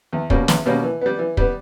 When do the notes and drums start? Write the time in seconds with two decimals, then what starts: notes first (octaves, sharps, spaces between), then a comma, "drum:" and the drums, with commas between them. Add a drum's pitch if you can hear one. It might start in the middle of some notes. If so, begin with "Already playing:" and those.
0.13 E2
0.30 B2 G3 A#3 C#4, drum: kick
0.48 E2, drum: snare
0.66 B2 G3 A#3 C#4
0.84 E3
1.01 G3 B3
1.19 E3
1.37 G3 B3, drum: kick